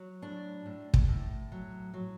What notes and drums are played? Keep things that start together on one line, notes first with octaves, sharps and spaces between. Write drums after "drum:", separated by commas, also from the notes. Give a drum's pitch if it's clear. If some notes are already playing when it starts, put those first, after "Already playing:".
Already playing: F#3
A2 D4
A2
drum: kick
A2
F#3
F#3